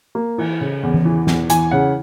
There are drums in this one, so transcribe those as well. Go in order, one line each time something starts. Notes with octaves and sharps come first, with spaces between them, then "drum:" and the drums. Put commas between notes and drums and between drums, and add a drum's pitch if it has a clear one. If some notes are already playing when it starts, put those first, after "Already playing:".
A#3
E3, drum: cymbal
C#3
E2
drum: tom E3
E3
E2, drum: snare
E3 G#5, drum: hi-hat
C#3 F#5